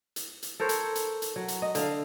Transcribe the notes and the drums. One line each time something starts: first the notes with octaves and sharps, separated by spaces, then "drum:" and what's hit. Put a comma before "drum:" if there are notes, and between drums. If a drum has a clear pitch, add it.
drum: hi-hat
drum: hi-hat
A4 A#4 C5 C#5
drum: hi-hat
drum: hi-hat
drum: hi-hat
F#3
drum: hi-hat
D#5
D3 F5, drum: hi-hat